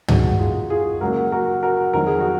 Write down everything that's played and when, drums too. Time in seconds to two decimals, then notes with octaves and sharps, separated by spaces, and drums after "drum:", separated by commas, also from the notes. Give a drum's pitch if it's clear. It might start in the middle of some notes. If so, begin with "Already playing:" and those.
0.08 D#2 D#3 G#3 D#4 F#4, drum: tom
0.40 F4 G#4
0.70 F4 G#4
1.01 F#2 C#3 F#3 A#3 F#4 A#4
1.32 F#4 A#4
1.63 F#4 A#4
1.94 F2 D#3 F#3 A#4
2.07 G#4
2.20 F#4